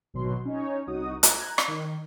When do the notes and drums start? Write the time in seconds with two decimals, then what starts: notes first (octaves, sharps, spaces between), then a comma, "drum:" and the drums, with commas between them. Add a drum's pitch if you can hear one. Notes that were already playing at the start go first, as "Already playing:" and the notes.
0.14 G#1 B2 F#3 C6
0.45 C#4 D#4 C#5
0.87 C2 D#4 F#4 D#6
1.23 A#5 F#6 G#6, drum: hi-hat
1.58 drum: rim click
1.68 D#3